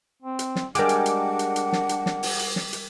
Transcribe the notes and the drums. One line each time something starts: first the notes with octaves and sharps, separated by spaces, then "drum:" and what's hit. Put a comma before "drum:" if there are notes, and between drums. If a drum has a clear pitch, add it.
C4
drum: hi-hat
drum: snare
G3 G#3 D4 A#4 F#5 G5 D6, drum: hi-hat
drum: hi-hat
drum: hi-hat
drum: hi-hat
drum: hi-hat
drum: snare
drum: hi-hat
drum: snare
drum: open hi-hat
drum: hi-hat
drum: snare
drum: hi-hat